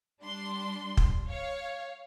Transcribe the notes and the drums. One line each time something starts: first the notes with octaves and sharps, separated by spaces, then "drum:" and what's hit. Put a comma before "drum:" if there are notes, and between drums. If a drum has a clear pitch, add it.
G3 D4 C6
drum: kick
C#5 F5